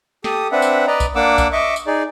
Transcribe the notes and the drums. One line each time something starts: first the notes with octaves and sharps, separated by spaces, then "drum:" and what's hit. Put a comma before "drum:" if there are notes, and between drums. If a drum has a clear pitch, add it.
G4 A4 D#6, drum: snare
C4 D4 B4 E5 F#5
drum: tambourine
B4 D5 D#5 A#5
drum: kick A#1, tambourine
A#3 D4 F#5 D6 E6
drum: kick A#1, tambourine
D#5 E5 C#6 D6
drum: tambourine
D#4 G#4 D5